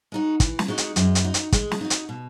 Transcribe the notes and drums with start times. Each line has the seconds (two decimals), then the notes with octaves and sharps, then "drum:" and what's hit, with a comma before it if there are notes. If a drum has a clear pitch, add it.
0.12 G#3 D#4 F#4
0.40 E3, drum: kick, hi-hat
0.59 drum: snare
0.68 G#3 D#4 F#4
0.78 drum: hi-hat
0.96 F#2 G#3, drum: hi-hat
1.15 drum: hi-hat
1.24 D#4 F#4
1.34 drum: hi-hat
1.52 G#3, drum: kick, hi-hat
1.71 drum: snare
1.81 D#4 F#4
1.90 drum: hi-hat
2.09 B2